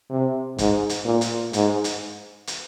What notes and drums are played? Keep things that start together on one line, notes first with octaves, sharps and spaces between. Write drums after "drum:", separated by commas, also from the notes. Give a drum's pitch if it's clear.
C3
G#2, drum: kick, hi-hat
drum: hi-hat
A#2
drum: hi-hat
G#2, drum: hi-hat
drum: hi-hat
drum: hi-hat